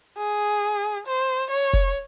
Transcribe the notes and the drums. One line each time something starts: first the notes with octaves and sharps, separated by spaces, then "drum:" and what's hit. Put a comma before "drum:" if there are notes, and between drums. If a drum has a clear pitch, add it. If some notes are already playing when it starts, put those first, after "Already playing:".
G#4
C5
C#5
drum: kick F1